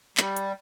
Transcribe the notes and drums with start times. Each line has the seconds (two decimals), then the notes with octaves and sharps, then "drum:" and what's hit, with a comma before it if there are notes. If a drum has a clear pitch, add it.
0.17 G3, drum: clap
0.36 drum: hi-hat